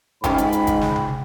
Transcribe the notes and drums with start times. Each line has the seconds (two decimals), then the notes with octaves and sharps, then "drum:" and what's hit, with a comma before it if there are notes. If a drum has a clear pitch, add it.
0.24 G#2 C#4 F4 G4 G5 B5, drum: kick, hi-hat
0.38 drum: hi-hat
0.53 drum: hi-hat
0.67 drum: kick, hi-hat
0.81 drum: snare
0.96 drum: tom C3